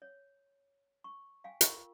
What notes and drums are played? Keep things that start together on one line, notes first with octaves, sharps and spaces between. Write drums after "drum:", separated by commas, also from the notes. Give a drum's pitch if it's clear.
C#5
C#6
F5 G5 G#5
F4 A#4 C#6, drum: hi-hat